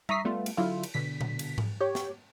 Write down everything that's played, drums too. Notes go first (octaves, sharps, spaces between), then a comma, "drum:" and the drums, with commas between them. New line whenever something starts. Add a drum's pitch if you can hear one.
E5 A#5 C#6 D#6 B6 C7, drum: tom G3
G3 A3 B3 F4
drum: cymbal
D3 F#3 E4 F4
drum: cymbal
B2 D3 B6
drum: tom A#2
drum: cymbal
drum: tom G#2
G4 C#5
drum: snare